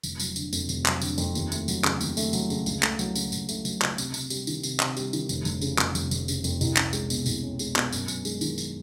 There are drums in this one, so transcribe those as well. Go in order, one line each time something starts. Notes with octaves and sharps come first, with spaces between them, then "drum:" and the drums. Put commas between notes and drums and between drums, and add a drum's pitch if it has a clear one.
F1, drum: tambourine
F#3, drum: tambourine
D3, drum: tambourine
F2, drum: tambourine
F1, drum: tambourine
F#3, drum: clap
D3, drum: tambourine
F2, drum: tambourine
D#2, drum: tambourine
A3, drum: tambourine
F#3, drum: tambourine
C#3, drum: clap
D#2, drum: tambourine
A3, drum: tambourine
F#3, drum: tambourine
C#3, drum: tambourine
C#2, drum: tambourine
A3, drum: clap
F#3, drum: tambourine
C#3, drum: tambourine
C#2, drum: tambourine
A3, drum: tambourine
F#3, drum: tambourine
C#3, drum: clap
C3, drum: tambourine
C3, drum: tambourine
G3, drum: tambourine
D#3, drum: tambourine
C3, drum: tambourine
C3, drum: clap
G3, drum: tambourine
D#3, drum: tambourine
F1, drum: tambourine
F1, drum: tambourine
C#3, drum: tambourine
F2, drum: clap
F1, drum: tambourine
F1, drum: tambourine
C#3, drum: tambourine
F2, drum: tambourine
C2, drum: tambourine
C#4, drum: clap
G#3, drum: tambourine
B2, drum: tambourine
C2, drum: tambourine
C#4
G#3, drum: tambourine
B2, drum: clap
F#2, drum: tambourine
F#2, drum: tambourine
G#3, drum: tambourine
D#3, drum: tambourine
drum: tambourine